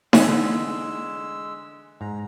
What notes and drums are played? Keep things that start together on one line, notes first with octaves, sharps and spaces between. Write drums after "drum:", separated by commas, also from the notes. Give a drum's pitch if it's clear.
D3 E3 G#3 E6, drum: snare D#4
G#2 A#5